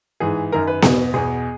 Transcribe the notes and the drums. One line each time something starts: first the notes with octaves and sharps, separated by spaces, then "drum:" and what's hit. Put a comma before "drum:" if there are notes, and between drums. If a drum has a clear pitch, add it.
G#2 E3 G#4
F#2 D#3 A#4
B4
E2 B2, drum: snare B3
E2 B2 G#4